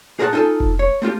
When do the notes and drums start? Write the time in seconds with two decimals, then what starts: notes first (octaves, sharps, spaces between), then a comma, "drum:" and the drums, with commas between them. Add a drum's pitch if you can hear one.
0.19 G#4 A#4 C5 F5 F#5 A5
0.33 D#4 F4 A4 G#5 A5
0.60 drum: kick F1
0.79 C#5
1.02 A3 C4 F4 G4